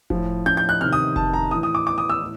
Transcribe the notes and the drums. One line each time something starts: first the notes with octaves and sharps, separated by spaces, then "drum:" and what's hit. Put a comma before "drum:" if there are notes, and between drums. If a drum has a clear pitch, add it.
A2 F3, drum: kick F1
G6, drum: tom C#4
G6
F#6
C3 D#3 F6
D#6
A5, drum: kick F1
A#5
A2 E3 D#6
D#6
D6
D6
D#6
E6
A2